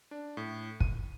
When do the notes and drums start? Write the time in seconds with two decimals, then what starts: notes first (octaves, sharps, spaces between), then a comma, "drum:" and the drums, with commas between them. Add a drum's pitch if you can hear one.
0.11 D4
0.37 A2
0.80 D#7, drum: kick